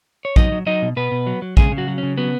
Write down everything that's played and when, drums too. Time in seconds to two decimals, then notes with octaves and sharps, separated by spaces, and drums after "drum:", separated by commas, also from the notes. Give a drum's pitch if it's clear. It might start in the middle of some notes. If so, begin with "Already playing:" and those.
0.25 C#5
0.36 F#3 D#4 D#5, drum: kick
0.52 F#3
0.66 F#3 D#4 D#5
0.82 B2
0.96 B2 B3 B4
1.12 B2
1.27 F#3
1.42 F#3
1.57 C#3 G#3 G#4, drum: kick
1.72 C#3
1.78 F#3 F#4
1.88 F#3
1.98 C#4
2.03 C#3
2.17 F#3 B3